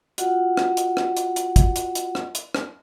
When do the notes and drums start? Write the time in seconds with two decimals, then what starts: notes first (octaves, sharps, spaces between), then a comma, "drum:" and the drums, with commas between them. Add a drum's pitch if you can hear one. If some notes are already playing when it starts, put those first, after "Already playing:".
0.18 F4 F#4 F#5, drum: hi-hat
0.57 drum: rim click
0.77 drum: hi-hat
0.97 drum: rim click
1.17 drum: hi-hat
1.36 drum: hi-hat
1.56 drum: kick, hi-hat
1.76 drum: hi-hat
1.95 drum: hi-hat
2.15 drum: rim click
2.35 drum: hi-hat
2.55 drum: rim click